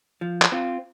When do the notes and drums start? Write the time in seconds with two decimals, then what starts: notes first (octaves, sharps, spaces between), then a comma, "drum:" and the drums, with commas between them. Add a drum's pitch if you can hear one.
0.21 F3
0.42 drum: clap
0.52 C4 F4